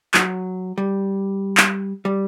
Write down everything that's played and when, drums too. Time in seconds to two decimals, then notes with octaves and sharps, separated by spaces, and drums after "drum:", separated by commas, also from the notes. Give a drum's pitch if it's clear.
0.14 F#3, drum: clap
0.78 G3
1.57 drum: clap
2.05 G3